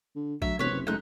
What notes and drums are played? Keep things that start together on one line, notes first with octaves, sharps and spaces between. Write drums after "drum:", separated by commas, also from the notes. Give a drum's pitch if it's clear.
D3
D2 F#3 E5, drum: kick A#1
E1 C3 B4 C#5
F#1
F#1 G#3 A3 D#4 F#6